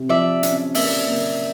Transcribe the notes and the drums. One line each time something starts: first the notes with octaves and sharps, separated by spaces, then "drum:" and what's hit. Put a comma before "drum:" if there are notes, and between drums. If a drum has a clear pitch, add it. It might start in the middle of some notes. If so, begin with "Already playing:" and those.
Already playing: C3
F3 D5 E5
C#4, drum: hi-hat
A#3 D5 E5, drum: open hi-hat
A#3